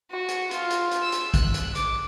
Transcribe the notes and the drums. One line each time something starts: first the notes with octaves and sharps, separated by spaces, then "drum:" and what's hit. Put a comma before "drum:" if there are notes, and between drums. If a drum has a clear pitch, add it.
F#4
drum: hi-hat
F4, drum: hi-hat
drum: hi-hat
drum: hi-hat
E6
drum: hi-hat
F#6, drum: kick, hi-hat
drum: hi-hat
D6, drum: hi-hat